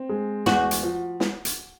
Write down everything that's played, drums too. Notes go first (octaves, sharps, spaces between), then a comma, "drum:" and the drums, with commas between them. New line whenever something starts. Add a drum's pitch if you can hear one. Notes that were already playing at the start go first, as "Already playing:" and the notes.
Already playing: C4
G#3
E2 F#4, drum: snare
drum: hi-hat
F3
drum: snare
drum: hi-hat